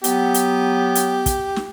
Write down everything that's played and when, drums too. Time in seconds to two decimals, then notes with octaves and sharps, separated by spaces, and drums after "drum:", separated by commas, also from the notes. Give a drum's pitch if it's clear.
0.04 F#3 B3 G4, drum: hi-hat
0.34 drum: hi-hat
0.95 drum: hi-hat
1.26 drum: kick, hi-hat
1.56 drum: snare